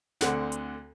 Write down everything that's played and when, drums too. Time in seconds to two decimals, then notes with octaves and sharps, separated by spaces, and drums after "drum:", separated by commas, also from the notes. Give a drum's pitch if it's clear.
0.21 D2 D3 C4 F#5, drum: snare
0.52 drum: hi-hat